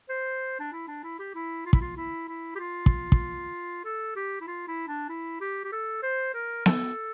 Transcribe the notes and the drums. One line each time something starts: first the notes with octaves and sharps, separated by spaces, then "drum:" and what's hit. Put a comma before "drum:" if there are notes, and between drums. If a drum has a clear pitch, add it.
C5
D4
E4
D4
E4
G4
E4
F4
E4, drum: kick
F4
E4
E4
G4
F4
drum: kick
drum: kick
A4
G4
E4
F4
E4
D4
E4
G4
G4
A4
C5
A#4
A4, drum: snare B3